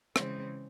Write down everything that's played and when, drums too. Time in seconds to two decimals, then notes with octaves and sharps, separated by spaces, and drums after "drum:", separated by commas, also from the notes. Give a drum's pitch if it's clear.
0.16 C#3 E3 G#3 C4, drum: rim click